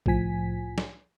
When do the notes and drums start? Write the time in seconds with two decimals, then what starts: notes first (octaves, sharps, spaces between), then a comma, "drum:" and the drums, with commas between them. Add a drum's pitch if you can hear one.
0.06 C2 A2 F3 G#5 B6, drum: kick
0.78 drum: snare